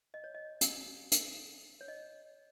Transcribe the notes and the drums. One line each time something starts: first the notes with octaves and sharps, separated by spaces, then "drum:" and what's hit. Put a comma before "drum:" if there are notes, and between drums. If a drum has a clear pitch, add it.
D#5
C#5
D#5
drum: hi-hat
drum: hi-hat
C#5
D#5